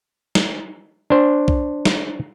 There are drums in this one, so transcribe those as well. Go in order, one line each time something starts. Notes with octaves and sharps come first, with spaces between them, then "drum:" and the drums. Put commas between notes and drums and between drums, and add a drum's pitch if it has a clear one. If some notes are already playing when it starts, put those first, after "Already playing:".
drum: snare
D4 C5
drum: kick B1
drum: snare